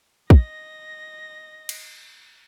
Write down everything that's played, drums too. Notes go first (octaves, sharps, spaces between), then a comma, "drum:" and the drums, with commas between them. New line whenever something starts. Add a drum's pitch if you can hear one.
D#5 A#6, drum: kick
drum: cymbal